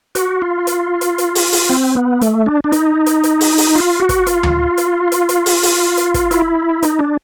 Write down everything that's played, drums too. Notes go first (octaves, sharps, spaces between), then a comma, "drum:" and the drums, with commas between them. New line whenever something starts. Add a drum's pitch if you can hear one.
F#4, drum: hi-hat
F4
drum: hi-hat
drum: hi-hat
drum: hi-hat
drum: open hi-hat
drum: open hi-hat
C4
B3
A3, drum: hi-hat
D4
D4
D#4, drum: hi-hat
drum: hi-hat
drum: hi-hat
drum: open hi-hat
drum: open hi-hat
F4
F#4
drum: kick, hi-hat
F4, drum: hi-hat
drum: tom D2
drum: hi-hat
drum: hi-hat
drum: hi-hat
drum: open hi-hat
drum: open hi-hat
drum: hi-hat
drum: kick, hi-hat
E4, drum: hi-hat
D#4, drum: hi-hat
D4